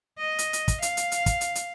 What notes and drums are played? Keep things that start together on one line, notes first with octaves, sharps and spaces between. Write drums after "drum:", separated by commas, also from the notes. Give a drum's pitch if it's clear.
D#5
drum: hi-hat
drum: hi-hat
drum: kick, hi-hat
F5, drum: hi-hat
drum: hi-hat
drum: hi-hat
drum: kick, hi-hat
drum: hi-hat
drum: hi-hat